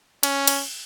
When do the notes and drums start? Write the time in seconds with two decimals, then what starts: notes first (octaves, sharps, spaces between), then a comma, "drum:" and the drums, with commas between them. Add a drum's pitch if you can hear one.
0.23 C#4, drum: cymbal
0.47 drum: cymbal